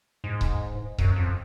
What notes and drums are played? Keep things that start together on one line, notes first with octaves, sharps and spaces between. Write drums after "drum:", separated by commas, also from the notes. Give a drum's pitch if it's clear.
G#2
drum: kick C#1
F#2, drum: kick C#1
F2